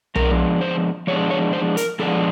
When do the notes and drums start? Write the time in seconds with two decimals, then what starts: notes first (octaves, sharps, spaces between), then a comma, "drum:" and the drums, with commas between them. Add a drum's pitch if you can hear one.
0.15 F3 G#3 B3 D4 A#4, drum: tom B1
0.61 C5
1.07 F3 G#3 B3 D4 C#5
1.31 C#5
1.53 C5
1.77 A#4, drum: hi-hat
1.99 F3 G#3 B3 D4 A4